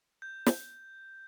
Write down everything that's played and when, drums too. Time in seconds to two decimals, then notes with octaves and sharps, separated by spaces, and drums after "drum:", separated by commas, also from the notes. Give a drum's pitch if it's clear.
0.22 G6
0.46 drum: snare